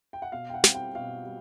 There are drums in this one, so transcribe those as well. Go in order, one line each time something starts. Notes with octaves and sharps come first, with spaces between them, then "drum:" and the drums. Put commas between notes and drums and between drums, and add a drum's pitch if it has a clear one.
G5
F#5
B2 F5
G5
F#5
G3 C4 E4, drum: snare
G5
B2 F5
G3